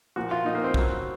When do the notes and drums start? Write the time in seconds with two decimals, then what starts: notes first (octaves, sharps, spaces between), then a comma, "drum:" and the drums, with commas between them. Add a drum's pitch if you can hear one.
0.16 A#2 F3 F#4
0.31 F4
0.45 A#2 F3 D#4
0.55 A#3
0.64 C4
0.74 C#3 F#3, drum: kick